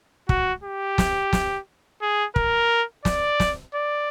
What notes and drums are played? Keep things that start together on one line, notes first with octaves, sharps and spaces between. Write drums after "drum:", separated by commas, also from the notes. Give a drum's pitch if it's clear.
F#4, drum: kick
G4
drum: snare
drum: snare
G#4
A#4, drum: kick
D5, drum: snare
drum: snare
D5